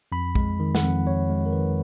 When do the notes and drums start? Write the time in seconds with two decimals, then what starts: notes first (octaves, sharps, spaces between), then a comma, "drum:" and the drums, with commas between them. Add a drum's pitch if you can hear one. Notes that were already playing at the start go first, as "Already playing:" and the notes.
0.12 F2 B5
0.35 G#3, drum: kick A#1
0.60 D#3
0.75 F#5, drum: snare
0.83 F2
1.06 F2 C#5
1.30 G#3
1.46 A#4
1.53 D#3 B4